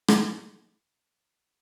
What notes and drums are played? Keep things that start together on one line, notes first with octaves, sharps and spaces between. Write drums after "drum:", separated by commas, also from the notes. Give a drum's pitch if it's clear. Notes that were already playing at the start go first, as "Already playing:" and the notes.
drum: rim click
C#2
A3
D#3
G3
A3
A2
G1
D#3
A2